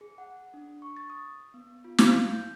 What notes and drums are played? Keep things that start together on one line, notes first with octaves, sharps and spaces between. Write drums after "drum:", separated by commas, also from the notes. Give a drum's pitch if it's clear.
G#4
F#5
D4
C#6
A6
D#6
B3
F4
F5, drum: snare
G6